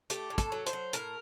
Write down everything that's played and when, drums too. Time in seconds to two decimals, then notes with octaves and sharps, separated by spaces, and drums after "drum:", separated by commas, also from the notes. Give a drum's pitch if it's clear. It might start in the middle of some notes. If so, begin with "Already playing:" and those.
0.10 A3 G4, drum: hi-hat
0.30 A2
0.38 A4, drum: kick, hi-hat
0.52 F#3
0.66 C5, drum: hi-hat
0.73 F#3
0.93 A2 A#4, drum: hi-hat